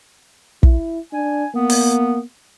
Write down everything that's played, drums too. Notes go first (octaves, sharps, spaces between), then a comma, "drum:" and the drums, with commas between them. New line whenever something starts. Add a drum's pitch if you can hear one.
E4, drum: kick
D4 G#5
A#3 B3
drum: open hi-hat